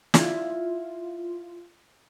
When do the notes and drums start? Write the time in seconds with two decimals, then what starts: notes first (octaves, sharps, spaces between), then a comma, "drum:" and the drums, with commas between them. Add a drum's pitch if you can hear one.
0.14 E4 F4 D5, drum: snare